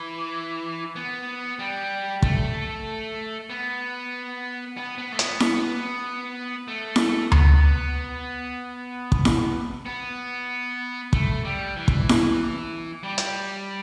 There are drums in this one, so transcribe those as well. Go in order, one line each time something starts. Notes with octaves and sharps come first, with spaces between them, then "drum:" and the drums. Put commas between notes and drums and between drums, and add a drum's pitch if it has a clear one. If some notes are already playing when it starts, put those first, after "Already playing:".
Already playing: E3
B3
G3
A3, drum: kick
B3
B3
B3
A3
B3, drum: hi-hat
B3, drum: snare E4
A3
drum: snare E4
B3, drum: tom D2
drum: kick
drum: snare E4
B3
A3, drum: kick
G3
E3
drum: kick
drum: snare E4
G3
drum: hi-hat